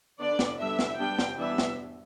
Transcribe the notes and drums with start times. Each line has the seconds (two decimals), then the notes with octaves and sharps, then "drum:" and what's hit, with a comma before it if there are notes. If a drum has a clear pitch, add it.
0.19 D3 B3 D4 D5
0.39 drum: snare
0.59 D3 G3 B3 D4 E5
0.79 drum: snare
0.99 G3 B3 D4 G5
1.19 drum: snare
1.38 E3 G3 B3 D4 E5
1.58 drum: snare